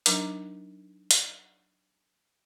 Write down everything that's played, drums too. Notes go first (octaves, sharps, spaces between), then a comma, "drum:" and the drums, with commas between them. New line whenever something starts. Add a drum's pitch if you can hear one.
F#3 D4 D#4 A#4 A#5 D6, drum: hi-hat
drum: hi-hat